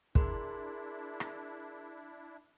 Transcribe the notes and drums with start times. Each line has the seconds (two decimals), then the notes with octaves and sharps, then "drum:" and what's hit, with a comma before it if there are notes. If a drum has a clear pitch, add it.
0.15 D4 E4 G#4 A#4 C6, drum: kick
1.20 drum: rim click